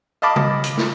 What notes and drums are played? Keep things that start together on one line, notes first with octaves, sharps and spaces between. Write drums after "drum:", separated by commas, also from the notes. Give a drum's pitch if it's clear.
D#5 F5 A5 B5 D6
drum: tom C#3
drum: hi-hat
drum: snare